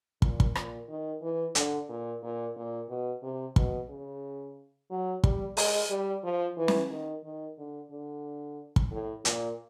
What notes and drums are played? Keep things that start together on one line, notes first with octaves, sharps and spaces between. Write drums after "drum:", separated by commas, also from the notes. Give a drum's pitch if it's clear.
A#2, drum: kick
drum: kick
A#2, drum: rim click
D#3
E3
D3, drum: hi-hat
A#2
A#2
A#2
B2
C3
B2, drum: kick
C#3
F#3
G3, drum: kick
G#3, drum: open hi-hat
G3
F3
E3
drum: snare
D#3
D#3
D3
D3
drum: kick
A2
A#2, drum: hi-hat